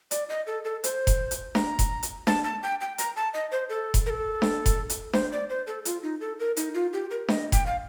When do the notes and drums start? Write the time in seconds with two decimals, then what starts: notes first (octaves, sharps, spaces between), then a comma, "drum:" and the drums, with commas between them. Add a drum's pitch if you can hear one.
0.11 D5, drum: hi-hat
0.29 D#5
0.47 A4
0.64 A4
0.84 C5, drum: hi-hat
1.07 drum: kick F1, hi-hat
1.31 drum: hi-hat
1.55 A#5, drum: snare D4
1.79 drum: kick F1, hi-hat
2.03 drum: hi-hat
2.27 A5, drum: snare D4
2.44 A5
2.63 G5
2.81 G5
2.98 A#5, drum: hi-hat
3.16 A5
3.34 D#5
3.52 C5
3.69 A4
3.94 drum: kick F1, hi-hat
4.06 A#4
4.10 A4
4.42 drum: snare D4
4.66 drum: kick F1, hi-hat
4.90 drum: hi-hat
5.13 C5, drum: snare D4
5.32 D5
5.49 C5
5.67 A4
5.85 F4, drum: hi-hat
6.03 D#4
6.21 A4
6.39 A#4
6.57 D#4, drum: hi-hat
6.74 F4
6.93 G4
7.11 A#4
7.28 D#5, drum: snare D4
7.52 G5, drum: kick F1, hi-hat
7.66 F5